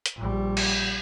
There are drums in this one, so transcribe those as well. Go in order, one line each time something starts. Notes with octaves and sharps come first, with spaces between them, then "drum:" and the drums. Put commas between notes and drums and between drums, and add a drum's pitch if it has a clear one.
drum: hi-hat
A#1 G3
drum: cymbal